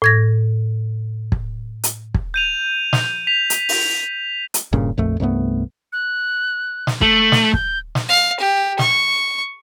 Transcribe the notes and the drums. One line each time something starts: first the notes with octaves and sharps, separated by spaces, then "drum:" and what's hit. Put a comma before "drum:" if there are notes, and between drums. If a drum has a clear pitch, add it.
A2 G#6 A#6
drum: kick
drum: hi-hat
drum: kick
G6 D#7 F7
drum: snare
B6 F7
drum: hi-hat
drum: open hi-hat
drum: hi-hat
G2 A#2 C#3, drum: kick
A#1 F2 A3
C2 G2 A3 B3
F#6
drum: snare
A3 F#7, drum: kick
drum: snare
G6, drum: kick
drum: snare
F5
G4
C#6, drum: snare